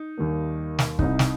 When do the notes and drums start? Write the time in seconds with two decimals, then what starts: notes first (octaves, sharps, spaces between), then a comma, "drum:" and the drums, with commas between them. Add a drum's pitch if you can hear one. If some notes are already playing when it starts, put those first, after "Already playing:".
Already playing: D#4
0.18 D#2 D#3 G3 A#3
0.79 drum: snare
0.99 C2 C3 G3 D#4, drum: kick
1.19 drum: snare